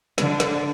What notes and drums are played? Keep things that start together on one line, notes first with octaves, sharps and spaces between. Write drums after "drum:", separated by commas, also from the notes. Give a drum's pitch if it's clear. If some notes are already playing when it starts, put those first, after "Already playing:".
D3, drum: snare
drum: snare